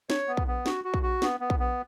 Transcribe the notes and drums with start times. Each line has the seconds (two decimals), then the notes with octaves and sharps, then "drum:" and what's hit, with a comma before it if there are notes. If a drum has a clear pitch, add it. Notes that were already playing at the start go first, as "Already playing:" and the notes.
0.10 C#5, drum: snare D4
0.28 B3
0.37 drum: kick
0.47 B3
0.66 F#4, drum: snare D4
0.84 F#4
0.94 drum: kick
1.03 F#4
1.22 B3, drum: snare D4
1.40 B3
1.50 drum: kick
1.59 B3